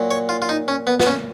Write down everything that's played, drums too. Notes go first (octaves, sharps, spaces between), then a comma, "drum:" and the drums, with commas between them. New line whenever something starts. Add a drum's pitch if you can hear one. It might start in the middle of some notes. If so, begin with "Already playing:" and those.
Already playing: A#2 F#3
C#5
F4
F4
D#4
C#4
B3
B3, drum: snare
C#4